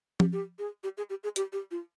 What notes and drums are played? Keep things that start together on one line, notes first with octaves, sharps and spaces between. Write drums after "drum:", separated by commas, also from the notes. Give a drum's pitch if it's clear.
G4, drum: tom F3
G4
G#4
G4
G#4
G4
G#4
G4, drum: hi-hat
G4
F4